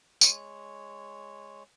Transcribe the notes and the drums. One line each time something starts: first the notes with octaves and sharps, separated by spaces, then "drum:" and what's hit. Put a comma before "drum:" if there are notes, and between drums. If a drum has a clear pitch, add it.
G#3 C#5, drum: tambourine